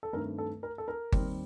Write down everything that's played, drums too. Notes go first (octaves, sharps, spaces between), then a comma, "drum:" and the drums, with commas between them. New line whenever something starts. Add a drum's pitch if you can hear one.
A4
G2 D#3 A3 C4 A#4
A4
A#4
A4
A#4
D#2 D#3 G3 C4, drum: kick G1